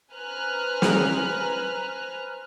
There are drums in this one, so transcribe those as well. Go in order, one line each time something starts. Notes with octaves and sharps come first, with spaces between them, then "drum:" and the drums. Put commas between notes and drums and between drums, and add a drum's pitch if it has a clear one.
B4 C5 G#5 A#5 F6 F#6
drum: snare